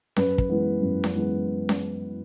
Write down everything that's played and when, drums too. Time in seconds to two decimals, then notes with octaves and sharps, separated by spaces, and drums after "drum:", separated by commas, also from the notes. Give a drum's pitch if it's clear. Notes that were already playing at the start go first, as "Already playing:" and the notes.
0.16 F#2 B4, drum: snare C#4
0.38 drum: kick
0.49 E3 G#3 B3
0.82 F#2
1.04 drum: snare C#4
1.15 E3 G#3 B3
1.69 drum: snare C#4